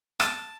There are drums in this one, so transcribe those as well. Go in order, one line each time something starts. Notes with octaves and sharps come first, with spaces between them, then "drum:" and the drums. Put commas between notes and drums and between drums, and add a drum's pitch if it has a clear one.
A5, drum: rim click